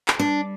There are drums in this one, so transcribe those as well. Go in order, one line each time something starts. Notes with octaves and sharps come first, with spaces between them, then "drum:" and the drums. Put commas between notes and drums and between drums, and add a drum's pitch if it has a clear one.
drum: clap
G3 D4